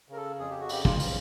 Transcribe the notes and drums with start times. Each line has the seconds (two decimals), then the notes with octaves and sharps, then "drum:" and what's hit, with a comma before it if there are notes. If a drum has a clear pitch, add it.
0.09 C#3 A#4
0.16 A4
0.39 F2 G#4
0.50 G4
0.60 F#4
0.69 C#3 G4, drum: open hi-hat
0.85 F4, drum: kick
1.00 C#3, drum: open hi-hat